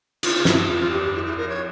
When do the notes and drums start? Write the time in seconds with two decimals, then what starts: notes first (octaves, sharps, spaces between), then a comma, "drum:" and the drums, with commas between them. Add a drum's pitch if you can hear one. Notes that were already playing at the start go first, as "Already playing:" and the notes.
0.23 C#3 F4, drum: cymbal
0.34 F4
0.45 G2 E4, drum: snare
0.68 F2 F4
0.80 F4
0.87 F2
0.91 E2 G4
1.03 G2 G4
1.14 F2 E4
1.25 E4
1.36 F2 A#4
1.49 C#5